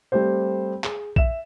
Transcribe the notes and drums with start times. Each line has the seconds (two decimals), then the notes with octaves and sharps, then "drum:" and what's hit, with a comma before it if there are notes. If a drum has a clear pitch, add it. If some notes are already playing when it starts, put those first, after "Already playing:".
0.12 G3 A3 C4 G4 C5
0.84 G#4, drum: clap
1.16 E5 E7, drum: kick A#1